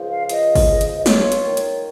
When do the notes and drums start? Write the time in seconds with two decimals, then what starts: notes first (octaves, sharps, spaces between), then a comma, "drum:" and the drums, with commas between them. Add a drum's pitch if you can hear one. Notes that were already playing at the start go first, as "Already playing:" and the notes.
Already playing: C#2 F3
0.11 F5
0.29 F3 D#5, drum: hi-hat
0.55 drum: kick, open hi-hat
0.69 C#2
0.81 drum: hi-hat
0.97 D#5
1.06 F4 C#5, drum: snare
1.32 drum: hi-hat
1.45 D#3
1.57 drum: hi-hat